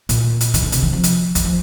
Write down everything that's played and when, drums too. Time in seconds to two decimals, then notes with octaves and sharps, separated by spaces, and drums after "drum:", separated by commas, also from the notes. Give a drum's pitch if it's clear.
0.09 A#2, drum: hi-hat
0.41 drum: hi-hat
0.54 E3, drum: hi-hat
0.63 D3
0.72 C3, drum: hi-hat
0.83 E3
0.93 F3
1.04 drum: hi-hat
1.35 E3, drum: kick, hi-hat
1.45 F3